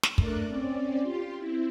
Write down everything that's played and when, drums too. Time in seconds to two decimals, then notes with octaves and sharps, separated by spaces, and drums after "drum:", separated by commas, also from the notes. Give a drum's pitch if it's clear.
0.03 drum: snare
0.18 A3 D4 A#4 D5 F#6, drum: kick
0.48 C4 C#4 D5
1.02 F4 G4 C6
1.36 C4 E4